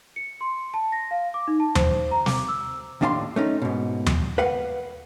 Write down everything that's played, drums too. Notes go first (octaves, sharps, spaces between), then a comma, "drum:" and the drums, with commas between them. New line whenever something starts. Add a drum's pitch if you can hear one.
C#7
C6
A5
A#6
F5
D6
D#4
A5
C5, drum: tom D#2
A#5
D6, drum: snare
E6
D#2 A2 D4 F5 A5 C6
A3 C#4 D#4
G#2 B2
drum: tom D#2
B4 F5 F#5